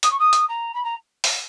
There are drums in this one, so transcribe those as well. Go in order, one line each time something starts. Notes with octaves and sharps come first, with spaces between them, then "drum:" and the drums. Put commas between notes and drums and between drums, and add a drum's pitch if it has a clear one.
D#6, drum: hi-hat
C#6
D#6
drum: hi-hat
A#5
B5
A#5
drum: open hi-hat